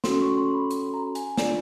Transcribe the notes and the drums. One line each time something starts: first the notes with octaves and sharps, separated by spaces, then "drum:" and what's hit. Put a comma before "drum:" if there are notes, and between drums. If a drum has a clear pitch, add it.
C#4 F#4 A4 C6, drum: snare
C#6
C6
B5
C6, drum: hi-hat
A#5
G#5, drum: hi-hat
D4 F4 G#4 D5, drum: snare